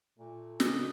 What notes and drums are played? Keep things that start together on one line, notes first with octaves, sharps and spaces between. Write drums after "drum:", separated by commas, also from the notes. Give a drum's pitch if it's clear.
A#2 A3
C#3 D4 B4 D#5, drum: snare